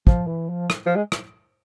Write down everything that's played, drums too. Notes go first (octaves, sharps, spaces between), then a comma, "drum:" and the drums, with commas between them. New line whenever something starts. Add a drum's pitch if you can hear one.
F3, drum: kick
E3
F3
drum: rim click
F3
G#3
drum: rim click